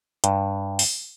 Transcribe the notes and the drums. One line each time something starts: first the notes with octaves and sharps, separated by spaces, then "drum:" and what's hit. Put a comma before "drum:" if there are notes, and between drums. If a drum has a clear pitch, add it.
G2, drum: hi-hat
drum: open hi-hat